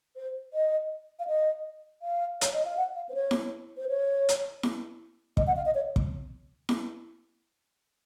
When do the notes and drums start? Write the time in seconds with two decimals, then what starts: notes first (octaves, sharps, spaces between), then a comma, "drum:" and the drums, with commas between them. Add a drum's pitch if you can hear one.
0.16 C5
0.53 D#5
1.20 F5
1.27 D#5
2.02 F5
2.41 C#5, drum: hi-hat
2.54 D#5
2.65 F5
2.77 F#5
2.96 F5
3.09 C5
3.14 C#5
3.31 drum: snare E4
3.77 C5
3.89 C#5
4.29 drum: hi-hat
4.63 drum: snare E4
5.37 D#5, drum: kick
5.47 F#5
5.56 F5
5.65 D#5
5.75 C#5
5.96 drum: kick
6.69 drum: snare E4